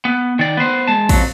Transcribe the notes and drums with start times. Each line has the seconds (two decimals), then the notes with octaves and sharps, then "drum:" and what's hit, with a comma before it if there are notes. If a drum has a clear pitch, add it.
0.05 B3
0.39 D#3 D5
0.57 B3 C5
0.88 G#3 A5
1.09 F2 F#3, drum: kick A1, cymbal